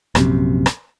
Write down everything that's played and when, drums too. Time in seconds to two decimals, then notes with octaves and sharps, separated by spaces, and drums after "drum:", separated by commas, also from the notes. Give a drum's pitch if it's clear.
0.15 A#1 F#2 C3, drum: rim click
0.66 drum: rim click